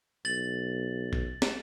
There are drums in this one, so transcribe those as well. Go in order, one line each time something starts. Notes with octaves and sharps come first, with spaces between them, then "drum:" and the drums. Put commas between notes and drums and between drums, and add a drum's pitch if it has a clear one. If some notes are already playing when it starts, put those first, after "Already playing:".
B1 A6 F#7
drum: kick A#1
drum: snare